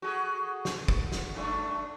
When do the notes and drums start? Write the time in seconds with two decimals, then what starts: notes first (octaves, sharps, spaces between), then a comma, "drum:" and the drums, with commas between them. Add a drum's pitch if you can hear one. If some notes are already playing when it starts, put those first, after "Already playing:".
0.02 F#4 G#4 A4
0.65 drum: snare
0.88 drum: kick
1.12 drum: snare
1.35 G2 A3 D4